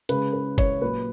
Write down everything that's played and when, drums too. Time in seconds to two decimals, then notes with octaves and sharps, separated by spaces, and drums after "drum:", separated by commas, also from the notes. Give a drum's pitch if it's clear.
0.09 C#3 G#3 B4, drum: hi-hat
0.33 B4
0.58 C#5, drum: kick F#1
0.82 A#2 F#3 B4